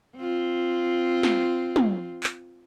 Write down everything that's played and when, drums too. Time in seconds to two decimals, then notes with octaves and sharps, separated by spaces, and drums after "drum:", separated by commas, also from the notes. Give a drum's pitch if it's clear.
0.17 C4 F4
1.23 drum: snare
1.76 drum: tom
2.23 drum: clap